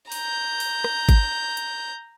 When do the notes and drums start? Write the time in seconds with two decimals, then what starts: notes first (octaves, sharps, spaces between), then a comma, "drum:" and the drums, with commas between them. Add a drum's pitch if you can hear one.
0.12 A#5 G6, drum: open hi-hat
0.60 drum: open hi-hat
0.84 drum: rim click
1.09 drum: kick G#1, hi-hat
1.57 drum: hi-hat